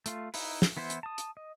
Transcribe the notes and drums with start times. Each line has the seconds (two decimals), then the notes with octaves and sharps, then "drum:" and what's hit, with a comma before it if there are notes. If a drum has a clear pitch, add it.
0.06 A3 F4, drum: hi-hat
0.34 D#4 E4 B4, drum: open hi-hat
0.62 drum: snare
0.77 E3 B3 E4 C5
0.90 drum: hi-hat
1.03 A5 D#6
1.18 drum: hi-hat
1.37 D#5